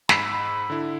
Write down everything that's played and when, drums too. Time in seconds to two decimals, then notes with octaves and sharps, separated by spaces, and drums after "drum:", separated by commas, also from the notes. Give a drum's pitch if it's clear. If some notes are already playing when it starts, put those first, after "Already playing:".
0.09 G#2 B5 E6 B6, drum: snare
0.32 B5
0.70 D3 E4